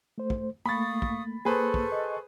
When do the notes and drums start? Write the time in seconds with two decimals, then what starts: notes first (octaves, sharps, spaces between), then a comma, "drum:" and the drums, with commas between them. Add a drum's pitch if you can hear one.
0.18 A3 C5
0.30 drum: kick
0.66 A3 A#3 F5 B5 C#6 D#6 A6
1.02 drum: kick
1.45 A#3 G#4 A4 B4 C5 C#6
1.74 drum: kick
1.92 D#5